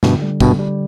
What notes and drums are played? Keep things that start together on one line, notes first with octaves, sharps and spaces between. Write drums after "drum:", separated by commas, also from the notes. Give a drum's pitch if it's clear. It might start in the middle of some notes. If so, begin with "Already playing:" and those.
G2 B2 D3, drum: snare
G3
G2 B2 D3, drum: kick, tambourine
G3